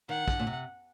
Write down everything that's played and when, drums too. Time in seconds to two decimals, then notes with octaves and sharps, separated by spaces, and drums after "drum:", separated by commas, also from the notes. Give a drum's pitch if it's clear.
0.09 D#3 F#5
0.28 D3, drum: kick
0.39 A#2
0.47 C3